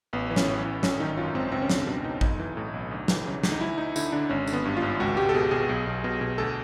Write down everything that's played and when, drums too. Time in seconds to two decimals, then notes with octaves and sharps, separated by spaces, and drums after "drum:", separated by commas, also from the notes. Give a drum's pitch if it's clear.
0.13 A1 B3
0.30 E3
0.36 C#4, drum: snare
0.48 A2
0.65 A1
0.83 G#1 C#4, drum: snare
1.00 D#3 D#4
1.17 F#2 F4
1.35 G#1 C4
1.52 C#2 C4
1.62 C#4
1.69 C#2 D4, drum: snare
1.87 B2 D4
2.04 B2 D#4
2.21 B1 D#4, drum: kick
2.39 E3
2.57 A2
2.74 B1
2.91 D2
3.08 E3, drum: snare
3.26 C#3
3.43 D2, drum: snare
3.52 D#4
3.61 D2 E4
3.78 D2 D#4
3.96 D3 E4, drum: tambourine
4.12 D3 D4
4.30 G#1 C#4
4.47 D3, drum: tambourine
4.53 B3
4.65 G2
4.77 F4
4.82 G#1
5.00 C#2 F#4
5.17 C#2 G4
5.29 A4
5.34 B2 G#4
5.51 B2 G#4
5.69 B1
5.87 B1
6.04 B2
6.21 B2
6.38 D2 A4